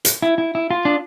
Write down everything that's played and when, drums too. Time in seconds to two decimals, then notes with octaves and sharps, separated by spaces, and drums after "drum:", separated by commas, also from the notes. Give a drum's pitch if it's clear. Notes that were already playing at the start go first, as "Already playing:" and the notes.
0.05 drum: hi-hat
0.22 E4
0.38 E4
0.55 E4
0.71 F4
0.85 D4